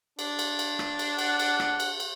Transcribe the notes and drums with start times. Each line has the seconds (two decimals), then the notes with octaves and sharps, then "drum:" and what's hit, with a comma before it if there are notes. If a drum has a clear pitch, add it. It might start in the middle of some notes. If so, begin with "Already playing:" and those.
0.19 D4, drum: cymbal
0.39 drum: cymbal
0.59 drum: cymbal
0.79 drum: rim click
0.99 drum: cymbal
1.19 F#5, drum: cymbal
1.39 drum: cymbal
1.60 drum: rim click
1.80 drum: cymbal
2.00 drum: cymbal